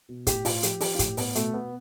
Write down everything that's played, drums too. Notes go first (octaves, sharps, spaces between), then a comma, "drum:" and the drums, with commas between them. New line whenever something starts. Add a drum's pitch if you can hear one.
B2
A2 G4, drum: kick, hi-hat
A2 F4, drum: open hi-hat
F3 G4, drum: hi-hat
F3 G4, drum: open hi-hat
F4
A2 G4, drum: kick, hi-hat
A2 B3, drum: open hi-hat
B2 A3, drum: hi-hat
B2 B3